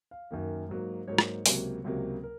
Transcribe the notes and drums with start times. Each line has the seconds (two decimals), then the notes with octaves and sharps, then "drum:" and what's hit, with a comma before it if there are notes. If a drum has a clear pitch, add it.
0.11 F5
0.31 F#2 D#3 A#3
0.69 G#2 F#3 A#3
1.08 G#2 F#3 A#3 C#5
1.18 drum: rim click
1.46 C#2 C3 F#3 A#3, drum: open hi-hat
1.84 C#2 C3 F#3 A#3
2.23 A#4